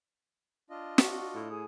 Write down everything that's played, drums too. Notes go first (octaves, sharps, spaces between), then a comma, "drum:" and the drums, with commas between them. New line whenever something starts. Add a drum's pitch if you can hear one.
D4 F4 D#5
F#4 C#6, drum: snare
A2
G#4 G#5 D#6